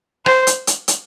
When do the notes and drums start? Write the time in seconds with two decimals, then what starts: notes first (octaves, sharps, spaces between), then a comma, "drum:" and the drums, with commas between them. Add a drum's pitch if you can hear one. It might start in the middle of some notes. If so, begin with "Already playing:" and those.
0.26 C5, drum: rim click
0.47 drum: hi-hat
0.67 drum: hi-hat
0.88 drum: hi-hat